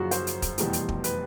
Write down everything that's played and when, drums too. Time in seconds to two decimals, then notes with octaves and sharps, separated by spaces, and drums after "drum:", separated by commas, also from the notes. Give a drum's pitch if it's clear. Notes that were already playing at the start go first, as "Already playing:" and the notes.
Already playing: F#1 F#2 C#3 F3 F#4
0.11 C5, drum: hi-hat
0.27 drum: hi-hat
0.42 drum: kick, hi-hat
0.58 F1 E2 B2 G3, drum: hi-hat
0.73 drum: hi-hat
0.89 drum: kick
1.04 B4, drum: hi-hat